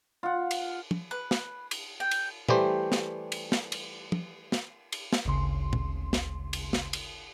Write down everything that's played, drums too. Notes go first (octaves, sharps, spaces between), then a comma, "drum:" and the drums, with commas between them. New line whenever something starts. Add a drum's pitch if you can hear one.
F4 F#5
drum: cymbal
drum: tom
B4
drum: snare
drum: cymbal
G5
drum: cymbal
E3 G3 A3 G4 C5, drum: tom
drum: snare
drum: cymbal
drum: snare
drum: cymbal
drum: tom
drum: snare
drum: cymbal
drum: snare
G#1 D2 C#3 C6
drum: tom
drum: snare
drum: cymbal
drum: snare
drum: cymbal